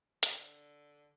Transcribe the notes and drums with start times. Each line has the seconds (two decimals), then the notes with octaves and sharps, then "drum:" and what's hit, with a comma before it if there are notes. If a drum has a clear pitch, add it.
0.23 D3, drum: hi-hat